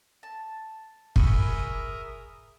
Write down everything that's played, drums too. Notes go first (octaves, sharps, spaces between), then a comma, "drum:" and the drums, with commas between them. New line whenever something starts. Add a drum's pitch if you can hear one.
A5
G#4 A#4 E5 B5 C#6 D#6, drum: kick